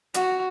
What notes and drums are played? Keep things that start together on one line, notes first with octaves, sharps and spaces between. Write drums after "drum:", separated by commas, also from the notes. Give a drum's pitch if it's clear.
F#4, drum: hi-hat